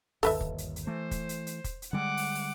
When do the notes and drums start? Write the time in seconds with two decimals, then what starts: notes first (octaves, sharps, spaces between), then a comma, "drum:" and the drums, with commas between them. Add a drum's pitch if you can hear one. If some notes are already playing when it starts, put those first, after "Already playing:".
0.23 G1 D#2 A4 B4 E5, drum: open hi-hat
0.41 drum: kick
0.58 drum: hi-hat
0.76 drum: hi-hat
0.87 E3 A3 C5
1.11 drum: kick, hi-hat
1.29 drum: hi-hat
1.47 drum: hi-hat
1.64 drum: kick, hi-hat
1.82 drum: hi-hat
1.93 D3 G3 G#3 F#5 D6
2.17 drum: open hi-hat
2.35 drum: open hi-hat